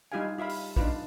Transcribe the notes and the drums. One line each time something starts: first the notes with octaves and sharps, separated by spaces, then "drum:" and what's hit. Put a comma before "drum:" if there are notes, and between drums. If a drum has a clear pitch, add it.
G3 D#4 F4 G4 F5 G#5
F4 E5 F5 B5
drum: open hi-hat
D4 D#4 F4 B4, drum: kick